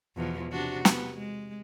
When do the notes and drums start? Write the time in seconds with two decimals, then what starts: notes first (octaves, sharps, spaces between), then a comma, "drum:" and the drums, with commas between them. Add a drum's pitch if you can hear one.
0.17 E2 B2 F3
0.52 C3 D4 F#4
0.85 B3, drum: snare
1.18 G#3